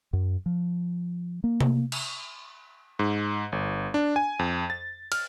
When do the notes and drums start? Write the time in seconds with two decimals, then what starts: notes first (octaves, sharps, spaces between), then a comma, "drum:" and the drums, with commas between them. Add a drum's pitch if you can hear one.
0.13 F#2
0.46 F3
1.44 A#3
1.61 drum: tom C3
1.92 drum: cymbal
2.99 G#2
3.52 G1
3.94 D4
4.16 G#5
4.39 F2
4.70 A6
5.12 F6, drum: cymbal